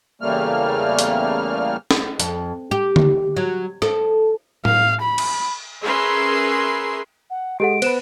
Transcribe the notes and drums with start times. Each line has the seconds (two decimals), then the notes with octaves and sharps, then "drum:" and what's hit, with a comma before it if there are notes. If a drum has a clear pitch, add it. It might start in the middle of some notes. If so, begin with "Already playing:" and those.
0.21 E2 C#3 G3 A3 A#3 F6
0.99 drum: hi-hat
1.91 drum: snare
2.20 F2, drum: hi-hat
2.71 G4
2.96 drum: tom D3
3.37 F#3
3.82 A4, drum: rim click
4.65 F5, drum: tom A2
5.01 B5
5.18 drum: cymbal
5.84 C#4 G#4 A#4 B4 E5 C6
7.30 F#5
7.60 G#3 G4 A4 F#5 D7
7.82 B3 B4 C5 E7, drum: cymbal